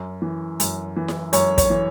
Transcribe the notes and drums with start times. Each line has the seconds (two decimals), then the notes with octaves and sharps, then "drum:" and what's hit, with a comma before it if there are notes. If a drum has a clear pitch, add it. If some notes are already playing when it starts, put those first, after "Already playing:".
Already playing: F#2
0.22 E3
0.60 F#2, drum: hi-hat
0.96 E3
1.08 drum: snare E4
1.33 F#2 C#5, drum: hi-hat
1.58 C#5, drum: kick, hi-hat
1.70 E3